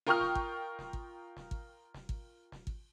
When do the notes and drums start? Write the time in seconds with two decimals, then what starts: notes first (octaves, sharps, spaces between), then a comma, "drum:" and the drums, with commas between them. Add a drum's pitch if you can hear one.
0.06 F4 A#4 G5 C#6 D#6 F6
0.21 drum: snare
0.35 drum: kick G#1
0.79 drum: snare
0.93 drum: kick G#1
1.37 drum: snare
1.51 drum: kick G#1
1.94 drum: snare
2.09 drum: kick G#1
2.52 drum: snare
2.67 drum: kick G#1